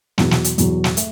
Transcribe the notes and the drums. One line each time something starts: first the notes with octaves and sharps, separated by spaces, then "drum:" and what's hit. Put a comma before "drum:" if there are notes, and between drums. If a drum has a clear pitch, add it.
E2 B2 F#3, drum: snare
drum: snare
drum: hi-hat
E2 B2 F#3, drum: hi-hat
drum: snare
A3, drum: hi-hat